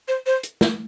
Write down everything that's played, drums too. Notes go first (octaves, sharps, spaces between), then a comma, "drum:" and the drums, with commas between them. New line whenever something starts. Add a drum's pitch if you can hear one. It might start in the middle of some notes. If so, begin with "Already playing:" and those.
C5
C5
drum: hi-hat
drum: snare